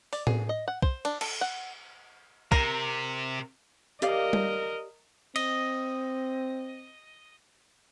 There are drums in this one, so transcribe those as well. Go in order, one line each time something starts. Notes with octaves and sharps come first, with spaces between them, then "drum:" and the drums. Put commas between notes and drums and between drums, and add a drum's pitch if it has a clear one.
D5, drum: open hi-hat
G#4, drum: tom A2
D#5
F#5
C5, drum: kick
D4, drum: cymbal
A4, drum: cymbal
F#5
C3 A#4, drum: kick
G4 A#4 D5 D#5 F5, drum: hi-hat
drum: tom G3
C4 D#5, drum: cymbal